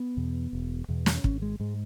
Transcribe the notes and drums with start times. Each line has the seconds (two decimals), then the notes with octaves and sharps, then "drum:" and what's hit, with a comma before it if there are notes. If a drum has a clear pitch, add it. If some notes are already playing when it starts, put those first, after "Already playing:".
Already playing: B3
0.17 E2 B2
0.53 E1
0.88 E2 B2
1.06 drum: snare
1.24 G#1 C#4, drum: kick
1.42 G#3
1.60 G#2 G#3